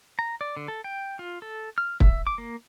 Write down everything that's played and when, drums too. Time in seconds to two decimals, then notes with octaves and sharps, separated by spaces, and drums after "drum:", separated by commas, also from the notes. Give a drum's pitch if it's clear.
0.19 A#5
0.41 D5
0.57 D3
0.68 A4
0.84 G5
1.19 F4
1.42 A4
1.78 F6
2.00 E5, drum: kick
2.27 D6
2.38 A#3